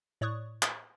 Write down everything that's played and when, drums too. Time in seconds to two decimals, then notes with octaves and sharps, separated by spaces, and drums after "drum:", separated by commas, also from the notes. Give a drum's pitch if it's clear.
0.21 A2 C#5 D5 C#6 D#6 F#6
0.62 drum: clap